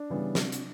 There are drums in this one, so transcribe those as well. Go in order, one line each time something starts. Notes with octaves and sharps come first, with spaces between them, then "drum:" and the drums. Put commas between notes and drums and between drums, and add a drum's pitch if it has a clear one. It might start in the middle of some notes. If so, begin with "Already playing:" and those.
Already playing: D4
C#3 E3 G3 B3
C3, drum: snare
drum: hi-hat